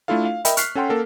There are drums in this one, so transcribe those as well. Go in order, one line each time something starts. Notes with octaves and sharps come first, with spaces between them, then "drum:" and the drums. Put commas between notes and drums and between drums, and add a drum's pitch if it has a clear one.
A3 D4 E4 F4 A4 F5
F5
A#4 D#5 E5 G5 B5, drum: hi-hat
C#6 F6 F#6 B6 C7, drum: hi-hat
C#4 A4 F#5 G5 C6
A#3 A4 A#4